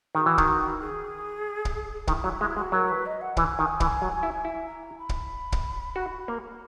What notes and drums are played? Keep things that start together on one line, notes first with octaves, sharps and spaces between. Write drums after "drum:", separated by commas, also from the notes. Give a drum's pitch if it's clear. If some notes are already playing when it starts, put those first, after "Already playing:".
D#3 G#4
F#4
E3
D#3, drum: kick
G#4
drum: kick
D#3 E4, drum: kick
F#3 E4
G#3 E4
G#3 F#4
F#3 A#4
B4
D#5
F#5
E3 G#5, drum: kick
D#3
E3, drum: kick
F#3
E4
E4
A#5
B5
drum: kick
drum: kick
F#4
A#3